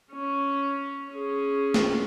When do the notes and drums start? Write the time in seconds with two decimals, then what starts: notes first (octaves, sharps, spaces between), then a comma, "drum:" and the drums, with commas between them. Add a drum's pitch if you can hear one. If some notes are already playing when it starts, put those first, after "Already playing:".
0.13 C#4
1.11 C#4 G#4
1.74 drum: snare